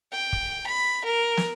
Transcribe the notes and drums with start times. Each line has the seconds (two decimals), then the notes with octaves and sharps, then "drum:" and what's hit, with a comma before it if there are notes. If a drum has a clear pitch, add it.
0.12 G5
0.33 drum: kick
0.66 B5
1.04 A#4
1.37 drum: snare